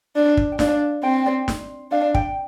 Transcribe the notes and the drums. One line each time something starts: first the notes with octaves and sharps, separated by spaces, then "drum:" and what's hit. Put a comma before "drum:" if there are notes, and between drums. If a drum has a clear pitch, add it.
D4
drum: kick
G5
D4 F5, drum: snare
C4 G5
D5
drum: snare
D4 F5
G5, drum: kick